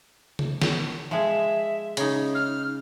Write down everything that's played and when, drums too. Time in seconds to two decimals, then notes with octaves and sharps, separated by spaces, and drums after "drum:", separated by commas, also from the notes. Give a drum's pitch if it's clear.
0.39 drum: tom C#3
0.62 drum: snare
1.11 F3 G#3 E5
1.97 C#3 D#4, drum: hi-hat
2.34 F6